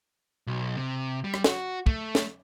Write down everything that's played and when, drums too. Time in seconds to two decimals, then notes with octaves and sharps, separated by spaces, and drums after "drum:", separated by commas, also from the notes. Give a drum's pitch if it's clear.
0.47 B1
0.77 C3
1.24 G3
1.34 drum: rim click
1.44 F#4, drum: snare
1.87 A3, drum: kick
2.15 drum: snare